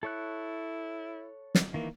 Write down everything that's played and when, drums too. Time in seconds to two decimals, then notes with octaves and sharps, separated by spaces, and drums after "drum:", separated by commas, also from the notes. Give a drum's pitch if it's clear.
0.03 E4 A4 C#5 F#6
1.55 drum: snare
1.74 D#3 E3 A#3